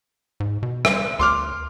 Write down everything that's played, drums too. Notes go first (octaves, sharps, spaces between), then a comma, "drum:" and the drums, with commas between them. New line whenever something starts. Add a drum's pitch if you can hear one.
G#2
B2
G3, drum: rim click
D2 C6 D6 F6